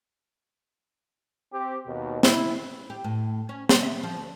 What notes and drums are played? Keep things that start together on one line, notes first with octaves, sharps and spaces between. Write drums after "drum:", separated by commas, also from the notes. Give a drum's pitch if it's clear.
C4 G4
D#2 B2
E4, drum: snare
G4
A2
C#4
G3, drum: snare
E5
F3
D2